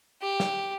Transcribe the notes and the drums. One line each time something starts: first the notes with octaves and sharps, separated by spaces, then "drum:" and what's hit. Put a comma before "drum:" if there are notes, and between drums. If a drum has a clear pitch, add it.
G4
drum: snare